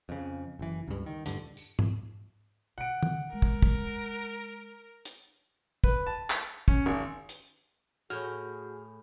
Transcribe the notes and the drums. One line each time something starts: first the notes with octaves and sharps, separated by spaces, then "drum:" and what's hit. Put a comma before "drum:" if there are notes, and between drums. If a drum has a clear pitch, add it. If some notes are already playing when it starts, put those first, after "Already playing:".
F2 C#3
F#1 E3
C#2 G2
D#3
D#1 G2 D3, drum: hi-hat
drum: tambourine
drum: tom
B2 D3 F#5 D7
drum: tom
G#3 A#4
drum: kick
drum: kick
drum: hi-hat
B4, drum: kick
A5
drum: clap
C#4, drum: kick
G#1
drum: hi-hat
A2 F#4 G#4 F6 G6